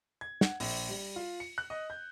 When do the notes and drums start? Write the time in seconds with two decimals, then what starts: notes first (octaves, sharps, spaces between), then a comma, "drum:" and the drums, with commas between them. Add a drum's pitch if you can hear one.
0.21 G#6
0.41 F#5, drum: snare
0.60 A#1, drum: open hi-hat
0.89 G3
1.16 F4
1.40 C#7
1.58 F#6
1.70 D#5
1.90 G6